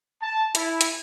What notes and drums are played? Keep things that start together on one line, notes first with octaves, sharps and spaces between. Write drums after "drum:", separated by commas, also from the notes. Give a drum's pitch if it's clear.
A5
E4, drum: hi-hat
drum: hi-hat